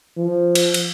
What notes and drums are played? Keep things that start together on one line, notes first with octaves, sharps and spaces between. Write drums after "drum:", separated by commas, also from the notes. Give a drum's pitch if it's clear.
F3
drum: cymbal
drum: cymbal